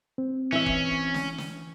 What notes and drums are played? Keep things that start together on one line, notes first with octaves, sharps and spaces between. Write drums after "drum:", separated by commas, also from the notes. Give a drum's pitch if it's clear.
C4
E3 C#4 E5
drum: kick F1
drum: snare
drum: snare